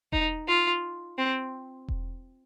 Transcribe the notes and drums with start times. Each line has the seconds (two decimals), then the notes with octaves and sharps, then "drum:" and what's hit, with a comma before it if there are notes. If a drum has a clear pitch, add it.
0.12 D#4, drum: kick E1
0.47 F4
1.18 C4
1.88 drum: kick E1